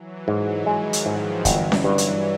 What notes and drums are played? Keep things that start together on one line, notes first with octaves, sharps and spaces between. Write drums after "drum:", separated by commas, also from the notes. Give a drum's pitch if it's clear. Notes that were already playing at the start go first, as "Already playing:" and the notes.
Already playing: E3 F#3
G#2
D#3 F3 G#3
drum: hi-hat
G#2
G1 E3 F#3, drum: kick, hi-hat
drum: snare C#4
G2
drum: hi-hat